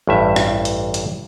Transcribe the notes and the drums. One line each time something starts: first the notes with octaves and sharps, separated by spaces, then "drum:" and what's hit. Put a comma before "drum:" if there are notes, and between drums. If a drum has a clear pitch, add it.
A1 G2 E5
drum: rim click
drum: hi-hat
drum: hi-hat